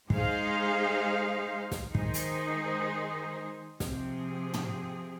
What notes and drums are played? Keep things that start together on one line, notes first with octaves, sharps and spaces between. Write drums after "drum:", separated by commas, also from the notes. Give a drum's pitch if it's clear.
G#3 D#4 G#4 C5 F5, drum: kick
drum: snare
D#3 G#3 D#4 G#4 C5, drum: kick
drum: hi-hat
C3 F3 C4 G#4, drum: snare
drum: tom